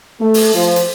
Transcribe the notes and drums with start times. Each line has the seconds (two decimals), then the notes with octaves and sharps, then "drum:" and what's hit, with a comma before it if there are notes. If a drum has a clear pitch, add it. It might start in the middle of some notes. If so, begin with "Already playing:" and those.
0.20 A3
0.34 drum: open hi-hat
0.55 F3
0.76 drum: hi-hat